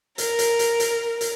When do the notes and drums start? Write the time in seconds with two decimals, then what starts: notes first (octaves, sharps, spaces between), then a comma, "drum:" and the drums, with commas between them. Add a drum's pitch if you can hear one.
0.18 A#4, drum: hi-hat
0.39 drum: hi-hat
0.59 drum: hi-hat
0.80 drum: hi-hat
1.21 drum: hi-hat